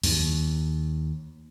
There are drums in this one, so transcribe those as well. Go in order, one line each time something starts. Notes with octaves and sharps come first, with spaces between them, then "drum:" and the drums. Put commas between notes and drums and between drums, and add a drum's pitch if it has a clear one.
D#2, drum: open hi-hat